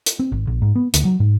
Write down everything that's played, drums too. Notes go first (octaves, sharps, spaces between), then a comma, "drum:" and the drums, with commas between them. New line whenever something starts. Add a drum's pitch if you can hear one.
drum: hi-hat
C4
G#1
A#1
G#2
B3
D2, drum: hi-hat
F#3
G#2